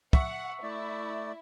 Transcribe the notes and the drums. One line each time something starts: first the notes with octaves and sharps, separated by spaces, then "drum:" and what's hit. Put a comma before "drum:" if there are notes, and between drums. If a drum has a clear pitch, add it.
E5 F#5 C#6, drum: kick
A3 E4 D5